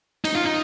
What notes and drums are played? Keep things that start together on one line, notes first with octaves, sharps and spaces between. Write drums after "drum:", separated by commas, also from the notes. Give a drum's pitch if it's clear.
D#4, drum: cymbal
F4
D#4